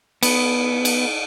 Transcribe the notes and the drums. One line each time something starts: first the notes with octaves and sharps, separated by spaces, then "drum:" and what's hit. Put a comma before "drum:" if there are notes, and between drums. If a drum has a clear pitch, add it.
B3, drum: cymbal
drum: cymbal